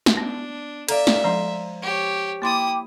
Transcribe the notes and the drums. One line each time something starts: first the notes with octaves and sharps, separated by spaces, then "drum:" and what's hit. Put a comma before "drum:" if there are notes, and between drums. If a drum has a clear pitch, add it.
drum: snare
B3 D4
A4 D5 E5 F5 A#5, drum: cymbal
drum: snare
F3 G#3 C5 A#5
G4 C#5
A#3 E4 G5 C6 D6 D#6 A6